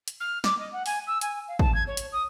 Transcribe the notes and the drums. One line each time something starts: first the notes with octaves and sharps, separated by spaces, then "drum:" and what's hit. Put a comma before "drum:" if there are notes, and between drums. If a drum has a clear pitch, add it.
drum: hi-hat
F6
D6, drum: snare
D#5
F#5
G#5, drum: open hi-hat
E6
G#5, drum: hi-hat
F5
A5, drum: kick
G#6
C#5
drum: hi-hat
D#6